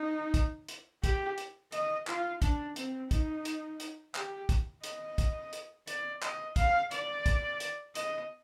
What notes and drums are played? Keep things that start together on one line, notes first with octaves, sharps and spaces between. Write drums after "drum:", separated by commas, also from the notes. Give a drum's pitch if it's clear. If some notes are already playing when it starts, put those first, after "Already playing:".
Already playing: D#4
drum: kick, hi-hat
drum: hi-hat
G4, drum: kick, hi-hat
drum: hi-hat
D#5, drum: hi-hat
F4, drum: clap
D4, drum: kick, hi-hat
C4, drum: hi-hat
D#4, drum: kick, hi-hat
drum: hi-hat
drum: hi-hat
G4, drum: clap
drum: kick, hi-hat
D#5, drum: hi-hat
drum: kick, hi-hat
drum: hi-hat
D5, drum: hi-hat
D#5, drum: clap
F5, drum: kick, hi-hat
D5, drum: hi-hat
drum: kick, hi-hat
drum: hi-hat
D#5, drum: hi-hat